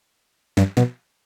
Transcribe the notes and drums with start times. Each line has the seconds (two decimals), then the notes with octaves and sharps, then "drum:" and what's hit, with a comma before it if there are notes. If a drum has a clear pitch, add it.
0.57 G2, drum: snare
0.77 B2, drum: snare